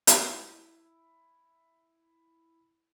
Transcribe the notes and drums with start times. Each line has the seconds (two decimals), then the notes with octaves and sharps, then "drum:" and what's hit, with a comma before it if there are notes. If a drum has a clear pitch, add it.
0.07 E4 E5, drum: hi-hat